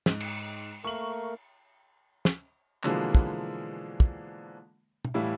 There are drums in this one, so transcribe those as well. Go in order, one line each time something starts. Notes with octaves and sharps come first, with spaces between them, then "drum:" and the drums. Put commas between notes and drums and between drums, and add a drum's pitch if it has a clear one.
G#2, drum: snare
drum: cymbal
A3 A#3 A#4 C#6 F#7
drum: snare
B2 D3 E3 F3 G#3 A#3, drum: clap
drum: kick
drum: kick
drum: tom
A2 E3 G3 E4 F5